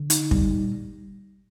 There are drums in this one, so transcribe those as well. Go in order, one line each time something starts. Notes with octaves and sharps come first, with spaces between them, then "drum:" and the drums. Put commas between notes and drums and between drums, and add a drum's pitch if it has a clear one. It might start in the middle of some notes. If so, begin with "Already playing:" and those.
Already playing: D3
D#4, drum: hi-hat
G3, drum: kick
A#2